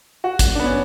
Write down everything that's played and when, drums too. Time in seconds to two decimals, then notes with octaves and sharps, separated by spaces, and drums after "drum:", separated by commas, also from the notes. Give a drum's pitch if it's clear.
0.24 F#4
0.39 drum: kick G#1, hi-hat
0.55 D4
0.60 B3
0.65 C#4